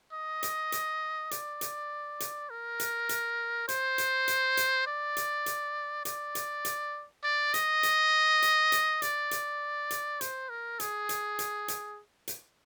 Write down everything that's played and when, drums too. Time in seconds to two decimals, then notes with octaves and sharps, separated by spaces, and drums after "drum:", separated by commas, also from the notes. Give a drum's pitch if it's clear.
0.13 D#5
0.43 drum: hi-hat
0.72 drum: hi-hat
1.31 D5, drum: hi-hat
1.61 drum: hi-hat
2.20 drum: hi-hat
2.50 A#4
2.80 drum: hi-hat
3.09 drum: hi-hat
3.69 C5, drum: hi-hat
3.98 drum: hi-hat
4.28 drum: hi-hat
4.57 drum: hi-hat
4.87 D5
5.17 drum: hi-hat
5.46 drum: hi-hat
6.05 D5, drum: hi-hat
6.35 drum: hi-hat
6.65 drum: hi-hat
7.24 D5
7.54 D#5, drum: hi-hat
7.83 drum: hi-hat
8.42 drum: hi-hat
8.72 drum: hi-hat
9.02 D5, drum: hi-hat
9.31 drum: hi-hat
9.91 drum: hi-hat
10.21 C5, drum: hi-hat
10.50 A#4
10.80 G#4, drum: hi-hat
11.09 drum: hi-hat
11.39 drum: hi-hat
11.68 drum: hi-hat
12.28 drum: hi-hat